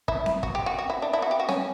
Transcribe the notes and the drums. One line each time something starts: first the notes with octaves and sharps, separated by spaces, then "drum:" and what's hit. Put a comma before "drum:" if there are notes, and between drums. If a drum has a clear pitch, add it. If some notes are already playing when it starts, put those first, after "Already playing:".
E4, drum: kick
drum: snare C4
F#4, drum: kick
G4
F#4
F#4
E4
D4
E4
F#4
G4
F#4
C#4, drum: snare C4